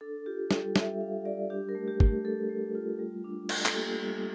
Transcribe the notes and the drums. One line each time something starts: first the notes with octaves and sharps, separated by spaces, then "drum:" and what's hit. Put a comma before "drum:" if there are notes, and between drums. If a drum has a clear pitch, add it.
D4 A4
F4 G4
G3 A4, drum: snare
G3 E5, drum: snare
G3 F5
G3 D5
D4 G4
A#4
A3
G4
A3, drum: kick
G4
A3 A4
A3
F4
G3
D4
D4, drum: cymbal
A4, drum: clap
A#3 G4
G3